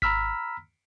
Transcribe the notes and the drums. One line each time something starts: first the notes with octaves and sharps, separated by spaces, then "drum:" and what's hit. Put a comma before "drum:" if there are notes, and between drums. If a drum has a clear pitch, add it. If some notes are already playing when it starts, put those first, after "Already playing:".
A#5 B5 E6 F6 B6, drum: kick G#1